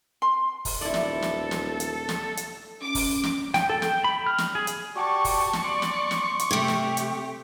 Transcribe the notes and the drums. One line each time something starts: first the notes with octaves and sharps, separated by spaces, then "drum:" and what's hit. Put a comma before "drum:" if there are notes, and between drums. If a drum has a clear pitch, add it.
C6
drum: kick, open hi-hat
D#1 E4 A4 D5
drum: snare
drum: snare
drum: snare
drum: hi-hat
drum: snare
drum: hi-hat
C#4 D6
drum: kick, open hi-hat
drum: snare
G5, drum: snare
A4
G5, drum: snare
B5
F6
drum: snare
G#4
drum: hi-hat
F#4 G4 D5 A5 C#6
drum: kick, open hi-hat
drum: snare
D5 C6 D6
drum: snare
drum: snare
drum: hi-hat
C3 A3 G4
drum: snare
drum: hi-hat